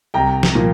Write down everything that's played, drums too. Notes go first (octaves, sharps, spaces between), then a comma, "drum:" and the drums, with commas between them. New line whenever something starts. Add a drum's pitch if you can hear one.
C2 G5 A#5
drum: snare
A#2 F3